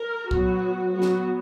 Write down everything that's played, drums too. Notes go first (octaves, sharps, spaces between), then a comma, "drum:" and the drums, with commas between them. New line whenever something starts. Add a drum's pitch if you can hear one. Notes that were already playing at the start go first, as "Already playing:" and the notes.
Already playing: A#4
F#3 B3 F#4, drum: kick C2
F#3 B3 F#4
drum: snare